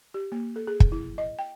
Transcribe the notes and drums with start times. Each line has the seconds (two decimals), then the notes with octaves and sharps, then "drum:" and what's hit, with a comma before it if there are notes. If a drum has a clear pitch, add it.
0.14 G4
0.32 A#3
0.56 A4
0.67 G#4
0.80 drum: kick
0.92 E4
1.18 D#5
1.39 G5